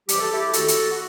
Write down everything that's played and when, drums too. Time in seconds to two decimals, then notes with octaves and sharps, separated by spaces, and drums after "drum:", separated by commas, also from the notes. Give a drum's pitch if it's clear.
0.09 E2 C3 E3 G3 G4, drum: hi-hat
0.20 A4
0.32 E4 G4
0.53 D#2 D#3 A3 F#4 A4, drum: hi-hat
0.68 drum: hi-hat
0.90 F#4